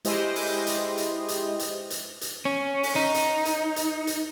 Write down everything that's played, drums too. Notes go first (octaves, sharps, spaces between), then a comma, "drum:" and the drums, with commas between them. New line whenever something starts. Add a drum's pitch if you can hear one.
G#3 E4 G4 C5 D#5, drum: hi-hat
drum: open hi-hat
drum: hi-hat
drum: hi-hat
drum: hi-hat
drum: hi-hat
drum: hi-hat
drum: hi-hat
C#4
drum: open hi-hat
D#4
drum: hi-hat
drum: hi-hat
drum: hi-hat
drum: hi-hat